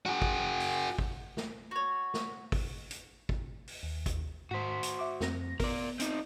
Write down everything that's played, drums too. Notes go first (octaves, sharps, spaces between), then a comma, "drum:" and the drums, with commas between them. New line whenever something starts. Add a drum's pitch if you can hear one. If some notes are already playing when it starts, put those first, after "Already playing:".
F#4 G#4
drum: kick
drum: open hi-hat
drum: kick
drum: snare
F#4 C#5
drum: snare
drum: kick, open hi-hat
drum: hi-hat
drum: kick
drum: open hi-hat
D#2
drum: kick, hi-hat
G#2 F#4 C5 B6
drum: hi-hat
E5 D6
F2 C4 A#6, drum: snare
B3 A#4 D5, drum: kick, open hi-hat
C4 D#4, drum: hi-hat